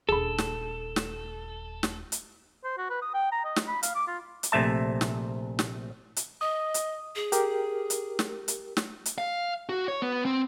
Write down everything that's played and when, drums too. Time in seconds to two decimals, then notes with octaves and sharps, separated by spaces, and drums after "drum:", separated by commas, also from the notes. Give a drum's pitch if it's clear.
0.09 D#1 D4 G#4 A4 B5
0.38 drum: snare
0.96 drum: snare
1.83 drum: snare
2.12 drum: hi-hat
2.64 C5
2.78 F#4
2.90 B4
3.02 D#6
3.14 G5
3.32 A#5
3.45 D#5
3.56 drum: snare
3.67 B5
3.83 F5, drum: hi-hat
3.95 D6
4.07 F4
4.43 drum: hi-hat
4.52 A#1 C3 A3 E5 A5
5.01 drum: snare
5.59 drum: snare
6.16 drum: hi-hat
6.41 D#5 D#6
6.74 drum: hi-hat
7.15 G#4
7.32 G4 A#4, drum: hi-hat
7.90 drum: hi-hat
8.19 drum: snare
8.48 drum: hi-hat
8.77 drum: snare
9.06 drum: hi-hat
9.18 F5
9.69 F#4
9.88 C#5
10.02 B3
10.25 C4